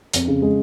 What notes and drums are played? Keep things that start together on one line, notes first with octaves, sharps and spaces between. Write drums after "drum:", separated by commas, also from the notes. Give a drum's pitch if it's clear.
F2, drum: hi-hat
C#3
G#3